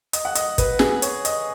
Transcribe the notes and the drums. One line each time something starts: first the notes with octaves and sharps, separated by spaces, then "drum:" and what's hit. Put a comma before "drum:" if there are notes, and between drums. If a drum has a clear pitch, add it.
D#5, drum: hi-hat
F#5
D#5, drum: hi-hat
B4, drum: kick, hi-hat
G#4, drum: snare
C#5, drum: hi-hat
D#5, drum: hi-hat